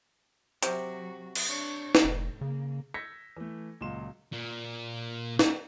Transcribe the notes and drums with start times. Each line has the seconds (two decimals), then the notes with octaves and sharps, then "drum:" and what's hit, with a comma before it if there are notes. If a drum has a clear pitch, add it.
0.63 C3 F#3 F#4, drum: hi-hat
1.35 drum: cymbal
1.47 D4 C#5
1.95 drum: snare
2.04 F1 A2
2.41 C#3 A#3
2.94 E6 G6 G#6 A#6 B6 C#7
3.37 E3 A3
3.81 C#2 A#2 F#3 F#4 C6 E7
4.32 A#2
5.39 drum: snare